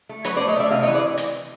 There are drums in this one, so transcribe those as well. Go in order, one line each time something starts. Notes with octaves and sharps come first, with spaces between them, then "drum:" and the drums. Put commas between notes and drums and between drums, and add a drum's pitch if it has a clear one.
A3
F#3 B4 C#5, drum: hi-hat
C5 D5
A3
C#5 D#5
A3 D5 E5
C3 D#5 F5
C#5 D#5
E3
C5 D5
drum: hi-hat